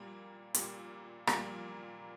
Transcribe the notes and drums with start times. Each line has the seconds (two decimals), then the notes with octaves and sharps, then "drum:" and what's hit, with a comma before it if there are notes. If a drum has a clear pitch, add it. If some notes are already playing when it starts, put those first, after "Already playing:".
Already playing: A#2 G3 A#3
0.54 A#2 G3 A#3, drum: hi-hat
1.27 A#2 G3 A#3, drum: rim click